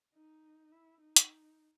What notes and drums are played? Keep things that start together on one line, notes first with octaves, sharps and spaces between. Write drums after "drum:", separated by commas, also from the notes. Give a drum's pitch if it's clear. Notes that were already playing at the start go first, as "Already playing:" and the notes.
D#4
E4
D#4
drum: hi-hat